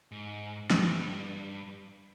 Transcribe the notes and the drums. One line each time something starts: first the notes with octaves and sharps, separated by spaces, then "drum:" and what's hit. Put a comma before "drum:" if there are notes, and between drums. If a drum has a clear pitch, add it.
G#2
G2, drum: snare